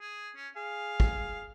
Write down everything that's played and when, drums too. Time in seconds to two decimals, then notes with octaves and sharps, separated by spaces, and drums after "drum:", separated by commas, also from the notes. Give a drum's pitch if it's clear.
0.01 G#4
0.36 C#4
0.56 G#4 F5
1.00 drum: kick